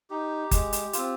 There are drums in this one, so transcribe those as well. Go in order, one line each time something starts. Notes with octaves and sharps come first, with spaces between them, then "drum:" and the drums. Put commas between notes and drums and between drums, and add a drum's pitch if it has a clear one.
D#4 G4
G#3, drum: kick F#1, hi-hat
drum: hi-hat
C4 F4, drum: hi-hat